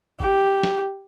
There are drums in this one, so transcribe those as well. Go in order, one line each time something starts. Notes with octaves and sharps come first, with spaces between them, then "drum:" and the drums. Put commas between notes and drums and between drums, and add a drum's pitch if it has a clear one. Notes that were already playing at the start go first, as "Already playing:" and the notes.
G4, drum: kick
drum: snare